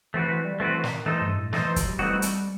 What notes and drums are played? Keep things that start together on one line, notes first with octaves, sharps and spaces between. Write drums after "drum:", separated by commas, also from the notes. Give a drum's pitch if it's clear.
E3 A3 C4 F#4 B4
E3
G3
E3 A3 C4 F#4 B4
D#3, drum: snare
E3 A3 D#4 A4 C5
G2
A2
E3 A3 D#4 A4 C5, drum: snare
E3
F#3, drum: kick, hi-hat
G3
E3 A3 C4 D#4 F#4
drum: hi-hat